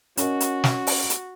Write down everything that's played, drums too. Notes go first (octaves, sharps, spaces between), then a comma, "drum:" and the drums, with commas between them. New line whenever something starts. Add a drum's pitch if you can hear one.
C#4 F#4 A#4 D#5, drum: hi-hat
drum: hi-hat
drum: snare
drum: open hi-hat
drum: hi-hat